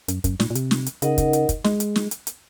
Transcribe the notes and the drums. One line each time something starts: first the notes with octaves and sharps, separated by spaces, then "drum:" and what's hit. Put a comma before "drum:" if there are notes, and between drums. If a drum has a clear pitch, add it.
F#2, drum: hi-hat
F#2, drum: kick, hi-hat
A#2, drum: snare
A#2
C3, drum: hi-hat
drum: snare
drum: hi-hat
C#3 D#4 A#4 D#5 F#5, drum: hi-hat
drum: kick, hi-hat
drum: hi-hat
drum: kick, hi-hat
G#3, drum: snare
drum: hi-hat
drum: snare
drum: hi-hat
drum: hi-hat